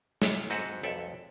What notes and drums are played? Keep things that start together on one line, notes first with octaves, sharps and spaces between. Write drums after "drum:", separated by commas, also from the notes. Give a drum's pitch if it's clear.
E4 A4 D5, drum: snare
G#2 C4 F#4 A4 B4 F#5
B1 F2 A4 D5 E5